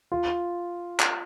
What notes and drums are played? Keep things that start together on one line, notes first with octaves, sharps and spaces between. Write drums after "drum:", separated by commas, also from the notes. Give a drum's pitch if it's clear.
F4
drum: clap